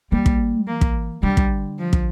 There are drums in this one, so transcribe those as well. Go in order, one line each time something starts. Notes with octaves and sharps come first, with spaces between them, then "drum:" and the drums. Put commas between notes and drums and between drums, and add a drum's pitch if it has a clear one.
G3 A#3
drum: kick
E3 A#3
drum: kick
D3 G3
drum: kick
F3
drum: kick